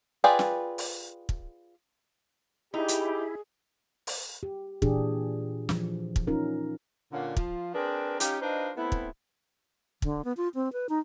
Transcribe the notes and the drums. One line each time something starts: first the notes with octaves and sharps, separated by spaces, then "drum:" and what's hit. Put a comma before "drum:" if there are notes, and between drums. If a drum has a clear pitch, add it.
F4 G#4 B4 D5 G5
drum: snare
drum: open hi-hat
drum: kick
D#4 E4 G4 G#4
drum: hi-hat
drum: open hi-hat
G4
A#2 E3 D4 G4 G#4, drum: kick
E3 F3, drum: snare
drum: kick
C#4 D#4 F4 A#4
A#2 D3 A#3 C#4 C#5 F#5
F3 F4, drum: kick
C4 D4 G#4 A#4 B4
C#4 D#4 F4 G4, drum: hi-hat
D4 D#4 F4 B4 C5 D#5
A3 B3 C4 E4
drum: kick
D3, drum: kick
B3
F4
C4
B4
D#4